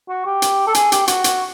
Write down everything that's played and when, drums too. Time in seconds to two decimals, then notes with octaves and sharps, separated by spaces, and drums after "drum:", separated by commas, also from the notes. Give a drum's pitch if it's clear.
0.09 F#4
0.25 G4
0.42 drum: hi-hat
0.67 A4
0.74 G#4, drum: hi-hat
0.92 G4, drum: hi-hat
1.08 F#4, drum: hi-hat
1.24 drum: hi-hat